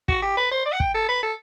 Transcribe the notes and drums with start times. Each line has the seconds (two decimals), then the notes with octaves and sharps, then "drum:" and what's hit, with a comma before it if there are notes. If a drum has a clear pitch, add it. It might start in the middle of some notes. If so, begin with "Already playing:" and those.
0.08 F#4, drum: kick
0.22 G4
0.37 B4
0.51 C5
0.65 D5
0.72 F#5
0.80 G5, drum: kick
0.94 A4
1.08 B4
1.22 A4